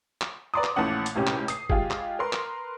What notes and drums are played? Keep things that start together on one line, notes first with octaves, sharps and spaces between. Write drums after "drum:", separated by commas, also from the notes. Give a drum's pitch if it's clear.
drum: clap
B4 D5 A#5 C6 D6 D#6
drum: clap
A#1 E3 A3 C#4 F#5
drum: hi-hat
C#2 A2 C3 C#4 G4
drum: clap
D#6 C7, drum: hi-hat
G#3 F4 G4 G#4, drum: kick G1
drum: clap
A#4 B4 C6
drum: clap